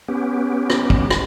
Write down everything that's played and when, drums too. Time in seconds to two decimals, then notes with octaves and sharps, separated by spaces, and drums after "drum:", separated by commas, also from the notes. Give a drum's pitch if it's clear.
0.08 B3 C#4 G4
0.70 drum: rim click
0.90 drum: kick
1.11 drum: rim click